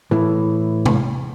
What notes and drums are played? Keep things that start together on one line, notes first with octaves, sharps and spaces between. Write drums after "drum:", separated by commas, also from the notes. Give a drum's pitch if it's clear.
A2 E3
drum: tom C3